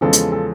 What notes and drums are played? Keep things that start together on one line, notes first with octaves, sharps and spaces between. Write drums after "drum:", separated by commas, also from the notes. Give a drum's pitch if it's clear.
E2 C#3 F3 G#3 A4
drum: hi-hat
A4